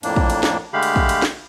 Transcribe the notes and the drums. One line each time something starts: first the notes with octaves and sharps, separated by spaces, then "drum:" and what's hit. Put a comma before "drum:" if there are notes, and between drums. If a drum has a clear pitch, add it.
F2 A2 A#3 D4, drum: cymbal
drum: kick
drum: cymbal
drum: snare
D3 G#3 A3 G4 F5 B5
drum: cymbal
drum: kick
drum: cymbal
drum: snare